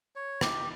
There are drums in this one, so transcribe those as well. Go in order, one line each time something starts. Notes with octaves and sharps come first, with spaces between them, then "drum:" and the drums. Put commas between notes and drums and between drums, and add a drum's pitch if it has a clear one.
C#5
G4, drum: rim click